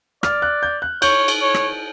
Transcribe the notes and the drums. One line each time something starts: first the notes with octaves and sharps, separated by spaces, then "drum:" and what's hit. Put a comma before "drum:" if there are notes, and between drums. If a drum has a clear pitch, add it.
D5 F6, drum: rim click
F#6
G6
F#6
C#5 G6, drum: cymbal
drum: cymbal
C#5
drum: rim click